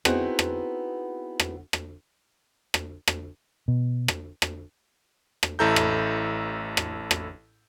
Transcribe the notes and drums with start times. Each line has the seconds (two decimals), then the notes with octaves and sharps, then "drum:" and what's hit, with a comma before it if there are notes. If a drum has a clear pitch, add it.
0.05 B3 C4 D#4 E4 F#4 G#4, drum: rim click
0.39 drum: rim click
1.40 drum: rim click
1.73 drum: rim click
2.74 drum: rim click
3.08 drum: rim click
3.68 B2
4.08 drum: rim click
4.42 drum: rim click
5.43 drum: rim click
5.59 A1 E4 A4 A#5 G6
5.76 drum: rim click
6.77 drum: rim click
7.11 drum: rim click